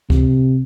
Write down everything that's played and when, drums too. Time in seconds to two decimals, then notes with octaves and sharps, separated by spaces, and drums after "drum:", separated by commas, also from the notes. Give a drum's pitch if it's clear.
0.10 C3, drum: kick C#2